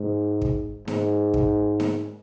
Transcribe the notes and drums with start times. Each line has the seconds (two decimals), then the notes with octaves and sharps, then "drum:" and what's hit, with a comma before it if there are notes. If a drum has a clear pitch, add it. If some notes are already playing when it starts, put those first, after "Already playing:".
Already playing: G#2
0.42 drum: kick
0.88 G#2, drum: snare D#4
1.34 drum: kick
1.80 drum: snare D#4